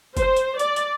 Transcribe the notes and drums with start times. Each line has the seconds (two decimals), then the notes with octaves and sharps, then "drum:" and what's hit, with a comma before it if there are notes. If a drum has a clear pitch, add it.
0.17 C5, drum: kick F#1, hi-hat
0.37 drum: hi-hat
0.59 D5, drum: hi-hat
0.76 drum: hi-hat